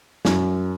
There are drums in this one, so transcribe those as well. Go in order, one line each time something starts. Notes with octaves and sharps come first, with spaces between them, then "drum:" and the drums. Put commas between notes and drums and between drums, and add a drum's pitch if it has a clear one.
F#2, drum: snare